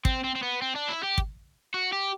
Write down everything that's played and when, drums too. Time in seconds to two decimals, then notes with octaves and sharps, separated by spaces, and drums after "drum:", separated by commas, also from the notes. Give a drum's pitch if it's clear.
0.05 C4, drum: kick
0.24 C4
0.35 C4
0.43 B3
0.62 C4
0.76 D4
0.89 E4
1.04 G4
1.18 drum: kick
1.74 F#4
1.93 G4